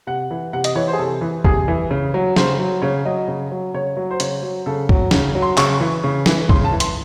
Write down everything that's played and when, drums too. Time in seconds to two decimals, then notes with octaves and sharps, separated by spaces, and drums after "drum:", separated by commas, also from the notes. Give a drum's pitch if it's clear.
0.07 C3 F#5
0.31 E3
0.53 C3 F#5
0.64 D#5, drum: hi-hat
0.75 E3 C#5
0.88 C5
0.93 G#4
0.98 C3 A4
1.21 E3
1.45 C3 G#4, drum: kick
1.68 E3
1.91 C#3
2.14 F#3
2.36 C#3 C5, drum: snare
2.60 F#3
2.82 C#3 C#5
3.05 F#3 D#5
3.28 C#3
3.52 F#3
3.74 C#3 C#5
3.97 F#3
4.11 C5
4.20 C#3 C#5, drum: hi-hat
4.42 F#3
4.66 C#3 A4
4.89 F#3, drum: kick
5.11 C#3 C#5, drum: snare
5.35 F#3
5.42 C6
5.57 C#3 C#6, drum: clap
5.80 E3
6.04 C#3
6.26 E3, drum: snare
6.49 C#3 C6, drum: kick
6.65 A5
6.72 E3
6.80 C6, drum: hi-hat